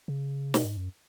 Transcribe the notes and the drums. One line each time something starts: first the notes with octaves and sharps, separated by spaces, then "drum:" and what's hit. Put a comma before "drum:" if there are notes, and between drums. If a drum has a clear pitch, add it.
C#3
B2, drum: snare
G#2
F#2